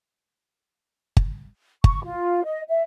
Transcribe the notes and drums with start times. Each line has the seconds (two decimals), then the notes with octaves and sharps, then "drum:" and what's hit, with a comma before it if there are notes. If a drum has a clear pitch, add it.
1.17 drum: kick G1
1.84 C#6, drum: kick G1
2.04 F4
2.45 D#5
2.69 E5